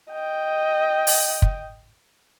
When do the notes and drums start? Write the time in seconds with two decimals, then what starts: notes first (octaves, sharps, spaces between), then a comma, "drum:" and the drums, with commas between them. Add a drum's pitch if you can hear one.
0.11 D#5 G5
1.07 drum: open hi-hat
1.42 drum: kick